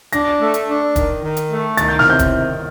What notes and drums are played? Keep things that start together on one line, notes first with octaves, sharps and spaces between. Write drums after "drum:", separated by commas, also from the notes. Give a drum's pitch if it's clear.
D4 A#6, drum: hi-hat
A3
drum: hi-hat
D4
D#3, drum: kick, hi-hat
D#3
drum: hi-hat
A3
D#3 A6, drum: hi-hat
G6
F6, drum: snare
C3 G6
drum: kick, hi-hat
D#3